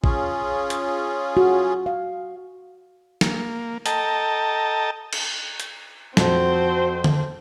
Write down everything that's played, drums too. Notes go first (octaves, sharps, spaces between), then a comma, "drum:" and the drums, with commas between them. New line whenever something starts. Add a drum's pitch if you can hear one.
C#4 F4 G#4, drum: kick
drum: hi-hat
F#4
F5
A#3, drum: snare
A4 D#5 G5 A5 A#5, drum: hi-hat
drum: cymbal
drum: hi-hat
F2 C4 F#4 C5, drum: snare
drum: tom D3